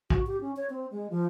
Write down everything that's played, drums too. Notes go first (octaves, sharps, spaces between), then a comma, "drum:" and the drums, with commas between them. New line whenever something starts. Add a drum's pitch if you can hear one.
F#4, drum: kick
G4
C#4
C#5
C4
G#3
F3